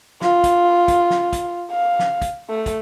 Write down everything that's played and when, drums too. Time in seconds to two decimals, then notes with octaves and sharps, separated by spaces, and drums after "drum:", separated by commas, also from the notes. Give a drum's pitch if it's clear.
0.21 F4, drum: snare
0.44 drum: kick, hi-hat
0.88 drum: kick, hi-hat
1.10 drum: snare
1.33 drum: kick, hi-hat
1.71 F5
1.99 drum: snare
2.22 drum: kick, hi-hat
2.49 A3
2.66 drum: kick, hi-hat